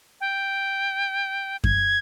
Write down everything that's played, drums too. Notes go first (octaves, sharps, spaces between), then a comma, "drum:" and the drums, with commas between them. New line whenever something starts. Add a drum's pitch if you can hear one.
G5
G#6, drum: kick F#2